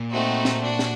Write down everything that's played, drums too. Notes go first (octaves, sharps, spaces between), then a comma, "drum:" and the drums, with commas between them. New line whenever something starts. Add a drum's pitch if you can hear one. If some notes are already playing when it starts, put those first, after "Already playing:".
Already playing: A#2
A3 C4 D#4 F#4
drum: snare
D4 F#4
drum: snare